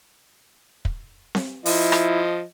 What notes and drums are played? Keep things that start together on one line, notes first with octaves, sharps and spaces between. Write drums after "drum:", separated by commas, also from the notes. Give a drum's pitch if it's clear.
drum: kick
drum: snare C4
F3 E4 D#5, drum: open hi-hat
drum: rim click